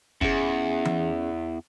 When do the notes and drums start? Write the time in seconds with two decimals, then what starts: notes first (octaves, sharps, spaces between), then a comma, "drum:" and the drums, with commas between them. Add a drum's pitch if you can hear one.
0.21 E2 C#4 G#4, drum: kick
0.85 drum: tom E3